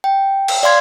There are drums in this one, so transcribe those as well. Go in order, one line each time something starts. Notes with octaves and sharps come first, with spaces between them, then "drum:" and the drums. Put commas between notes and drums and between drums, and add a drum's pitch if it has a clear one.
G5
drum: cymbal
D5 F5 C6 G#6